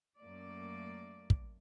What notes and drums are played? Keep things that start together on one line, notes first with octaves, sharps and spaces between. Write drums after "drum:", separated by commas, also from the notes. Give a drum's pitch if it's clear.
F#2 A3 A#3 D5
drum: kick